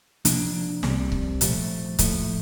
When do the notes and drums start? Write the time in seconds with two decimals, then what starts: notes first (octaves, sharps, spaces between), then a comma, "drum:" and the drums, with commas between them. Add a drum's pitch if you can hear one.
0.25 C3 F3 A#3 D4, drum: hi-hat
0.83 C2 C3 G3, drum: snare
1.12 drum: kick C#1
1.41 A#2 F3 A3, drum: hi-hat
1.99 A2 F3 A3, drum: kick C#1, hi-hat